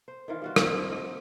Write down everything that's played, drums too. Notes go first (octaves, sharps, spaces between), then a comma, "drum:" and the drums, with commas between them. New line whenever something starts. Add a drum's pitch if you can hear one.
C5
D#3 E3 F4
G3 F4 F#4
A#3 C4 F#4 C5, drum: rim click
D#5